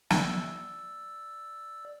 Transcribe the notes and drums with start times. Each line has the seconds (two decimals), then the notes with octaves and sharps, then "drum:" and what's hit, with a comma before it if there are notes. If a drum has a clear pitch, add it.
0.10 D5 E6, drum: snare